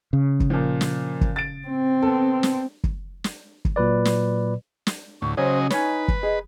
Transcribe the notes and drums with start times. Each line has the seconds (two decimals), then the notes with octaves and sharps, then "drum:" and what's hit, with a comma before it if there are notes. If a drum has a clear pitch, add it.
0.13 C#3
0.40 drum: kick
0.50 A#2 F3
0.81 drum: snare
1.21 drum: kick
1.36 A6 D7
1.67 C4
2.02 B3 A4
2.43 drum: snare
2.84 drum: kick
3.24 drum: snare
3.65 drum: kick
3.76 A#2 F#3 B4 D5
4.05 drum: snare
4.87 drum: snare
5.22 D2 A2 C#6
5.37 C#3 F#3 C#4 G#4 C5 C#5 D#5
5.70 D#4 B4 C#5 G#5, drum: snare
6.08 drum: kick
6.23 G#4 D#5